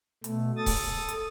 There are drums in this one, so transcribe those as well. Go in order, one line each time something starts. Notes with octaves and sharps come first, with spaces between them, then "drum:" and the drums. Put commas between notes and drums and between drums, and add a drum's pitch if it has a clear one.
B2 A3, drum: hi-hat
A4 D#6 A6
drum: kick C#1, open hi-hat
drum: hi-hat